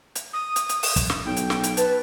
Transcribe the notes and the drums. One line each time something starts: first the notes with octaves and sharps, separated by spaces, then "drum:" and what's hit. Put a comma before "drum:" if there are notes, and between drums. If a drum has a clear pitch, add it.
drum: hi-hat
D#6
drum: hi-hat
drum: hi-hat
drum: open hi-hat
drum: kick, hi-hat
drum: snare
B1 G5
drum: hi-hat
drum: snare
drum: hi-hat
B4 A5, drum: hi-hat